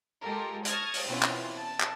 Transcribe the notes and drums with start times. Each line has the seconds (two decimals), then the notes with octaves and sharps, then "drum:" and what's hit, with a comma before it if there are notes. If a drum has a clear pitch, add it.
0.22 G#3 F4 G4 A4 A#4
0.65 A5 C#6 D#6 F6 G#6 A#6, drum: hi-hat
0.94 drum: open hi-hat
1.06 B2 E3 C4 C#4 E4 F4
1.23 drum: clap
1.57 A5
1.80 drum: clap